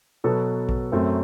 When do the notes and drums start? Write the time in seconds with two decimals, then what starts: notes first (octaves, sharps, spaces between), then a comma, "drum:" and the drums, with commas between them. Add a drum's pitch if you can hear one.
0.24 B2 F#3 B3 A4
0.69 drum: kick A#1
0.92 F#2 F#3 A3 C4